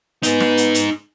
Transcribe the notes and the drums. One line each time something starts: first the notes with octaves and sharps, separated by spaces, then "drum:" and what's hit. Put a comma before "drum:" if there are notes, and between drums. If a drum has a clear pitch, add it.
B3 D#4 G#4, drum: hi-hat
drum: snare
drum: hi-hat
drum: hi-hat